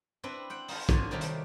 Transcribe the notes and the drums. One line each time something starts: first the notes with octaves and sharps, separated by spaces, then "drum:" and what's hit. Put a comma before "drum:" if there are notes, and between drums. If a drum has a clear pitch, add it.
C4 D4 E4 B4
C5 F#5 G5
D#4 F4, drum: open hi-hat
A#2 D3 C5 C#5 G#5 A5, drum: kick, hi-hat
C3 D#3 F#3 G3 A3
drum: hi-hat